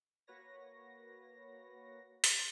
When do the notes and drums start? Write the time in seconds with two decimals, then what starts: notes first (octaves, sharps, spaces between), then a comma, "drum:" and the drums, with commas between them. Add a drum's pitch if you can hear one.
0.27 A#3 F#4 B4 C#5 A#6
2.24 drum: open hi-hat